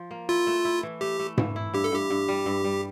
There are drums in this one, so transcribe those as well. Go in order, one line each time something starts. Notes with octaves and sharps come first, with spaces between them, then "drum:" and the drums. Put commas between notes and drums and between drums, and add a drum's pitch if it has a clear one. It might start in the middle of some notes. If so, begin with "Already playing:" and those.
Already playing: F3
A#3
E4 F4
A3
E4
E3
A3 G4
A3
E3, drum: tom G#2
E4
G2 G4
A4
G2 G4
G2
G3
G2
G3